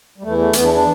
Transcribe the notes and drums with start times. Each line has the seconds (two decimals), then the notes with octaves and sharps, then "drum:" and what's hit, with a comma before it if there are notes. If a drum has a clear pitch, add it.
0.18 G3
0.23 E2 E3 A3
0.38 A3
0.53 E2 E3 B3, drum: hi-hat
0.64 D4
0.74 D4